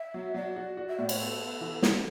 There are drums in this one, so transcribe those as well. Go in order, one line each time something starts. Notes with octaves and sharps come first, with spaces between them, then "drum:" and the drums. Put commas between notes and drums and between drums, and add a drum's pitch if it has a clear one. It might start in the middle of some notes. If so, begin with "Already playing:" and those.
Already playing: E5
F#3
F#3 D5
F#4
F#4
E5
A2 D5
C#5, drum: cymbal
B3 A4
B3
E3
E3, drum: snare